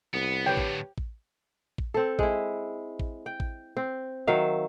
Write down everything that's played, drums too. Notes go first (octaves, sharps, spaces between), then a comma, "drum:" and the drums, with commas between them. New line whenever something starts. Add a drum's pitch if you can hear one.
C2 B3
D2 A2 G4 B4 C#5 G5
drum: kick A1
drum: kick A1
drum: kick A1
C4 A4
G#3 E4, drum: kick A1
drum: kick A1
G5
drum: kick A1
C4
D#3 F#3 E5 F5